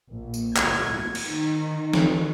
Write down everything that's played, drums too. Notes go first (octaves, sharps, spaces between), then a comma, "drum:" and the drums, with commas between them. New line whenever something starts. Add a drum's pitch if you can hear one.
A#1
drum: tambourine
G#6, drum: clap
drum: cymbal
D#3
drum: snare